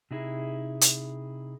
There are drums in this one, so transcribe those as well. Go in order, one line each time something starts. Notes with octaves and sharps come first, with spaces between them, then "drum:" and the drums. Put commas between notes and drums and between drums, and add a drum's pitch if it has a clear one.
C3 D#4 E4 G#4
drum: hi-hat